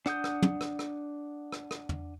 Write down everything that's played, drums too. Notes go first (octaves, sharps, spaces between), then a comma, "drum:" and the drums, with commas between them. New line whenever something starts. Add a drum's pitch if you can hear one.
D4 F#5 D#6 G6, drum: rim click
drum: rim click
drum: tom
drum: rim click
drum: rim click
drum: rim click
drum: rim click
drum: tom